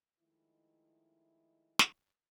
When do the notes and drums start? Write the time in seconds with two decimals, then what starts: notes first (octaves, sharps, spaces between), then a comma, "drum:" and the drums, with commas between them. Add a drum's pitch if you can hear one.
0.20 D#3 F3 G#3 A3 E4
1.79 drum: snare